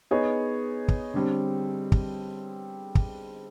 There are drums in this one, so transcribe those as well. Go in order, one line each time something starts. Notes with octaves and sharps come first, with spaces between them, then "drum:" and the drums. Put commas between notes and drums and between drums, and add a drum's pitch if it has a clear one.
B3 D#4 G#4 C#5
drum: kick
D3 G3 C4
drum: kick
drum: kick